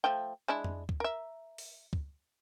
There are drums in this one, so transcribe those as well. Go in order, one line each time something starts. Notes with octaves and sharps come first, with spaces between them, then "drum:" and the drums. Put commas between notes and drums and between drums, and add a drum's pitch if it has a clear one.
F3 A3 G5
G#3 D4 E4
drum: tom F2
drum: kick C#2
A#4 E5
drum: open hi-hat
drum: kick C#2